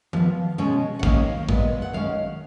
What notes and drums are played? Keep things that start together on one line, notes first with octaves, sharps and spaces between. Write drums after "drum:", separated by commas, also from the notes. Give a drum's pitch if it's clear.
F3 B3, drum: tom D#3
B2 G#3 C#4
F#5
D#3 A#3 C#4 F5, drum: kick
A#2 G#3 B3, drum: kick
F#5
D#3 G#3 C#4 F5